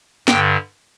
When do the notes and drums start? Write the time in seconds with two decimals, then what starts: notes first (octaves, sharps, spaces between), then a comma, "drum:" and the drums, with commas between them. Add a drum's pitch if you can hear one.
0.28 G2 D3 G5, drum: snare